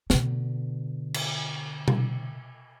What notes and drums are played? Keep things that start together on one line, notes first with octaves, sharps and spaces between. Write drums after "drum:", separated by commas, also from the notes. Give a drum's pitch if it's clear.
B2 D3, drum: snare
drum: cymbal
drum: tom B2